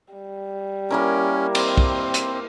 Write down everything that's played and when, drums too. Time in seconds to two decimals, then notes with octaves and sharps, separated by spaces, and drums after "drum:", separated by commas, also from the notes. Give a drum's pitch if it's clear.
0.13 G3
0.90 A#3 C#4 E4 A#4
1.55 C4, drum: cymbal
1.78 drum: kick
2.14 drum: hi-hat